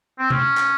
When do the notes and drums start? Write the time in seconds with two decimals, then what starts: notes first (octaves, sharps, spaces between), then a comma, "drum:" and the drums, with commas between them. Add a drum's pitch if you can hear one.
0.19 C4
0.30 C#4, drum: tom C3
0.57 drum: clap